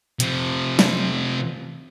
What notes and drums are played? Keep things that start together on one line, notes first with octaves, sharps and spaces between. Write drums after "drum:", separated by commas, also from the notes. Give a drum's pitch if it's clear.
C3 F3, drum: hi-hat
drum: snare